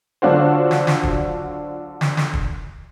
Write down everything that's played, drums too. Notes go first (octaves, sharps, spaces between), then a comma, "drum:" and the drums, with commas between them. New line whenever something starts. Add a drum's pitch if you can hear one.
D3 F#3 D4 F4 F#4 C5
drum: snare
drum: snare
drum: kick
drum: snare
drum: snare
drum: kick